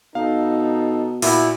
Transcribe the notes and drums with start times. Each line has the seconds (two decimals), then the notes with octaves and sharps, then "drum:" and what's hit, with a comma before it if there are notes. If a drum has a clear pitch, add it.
0.15 B2 D#4 A4 F5
1.22 A#2 E4 F#4 E5 E6, drum: open hi-hat